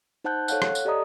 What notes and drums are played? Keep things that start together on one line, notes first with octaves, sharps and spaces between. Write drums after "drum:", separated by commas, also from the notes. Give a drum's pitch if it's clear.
D#4 C5 F#5 A5 F#6 G6
A4 C#5 F5 F#5 F#6, drum: tambourine
drum: rim click
drum: tambourine
G4 A4 D5 D#5 A#5 D#6